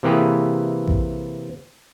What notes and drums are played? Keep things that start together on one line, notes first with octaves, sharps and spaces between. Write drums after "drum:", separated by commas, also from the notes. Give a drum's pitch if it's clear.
C3 E3 A#3 G4 G#4 B4
drum: kick A1